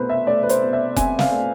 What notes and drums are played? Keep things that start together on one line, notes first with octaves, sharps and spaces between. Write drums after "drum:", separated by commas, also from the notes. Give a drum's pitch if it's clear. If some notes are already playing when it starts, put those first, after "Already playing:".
Already playing: C2 B2 A3 B4 C5 B5
E5
A3 D5
B4
C5, drum: hi-hat
B2
E5
C4 G#5, drum: kick F1, hi-hat
F5, drum: snare
A3